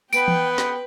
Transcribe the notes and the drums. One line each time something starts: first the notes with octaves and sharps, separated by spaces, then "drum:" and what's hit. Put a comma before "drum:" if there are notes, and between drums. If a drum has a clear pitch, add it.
B3 B4 G5 D7, drum: tambourine
drum: tom E3
drum: snare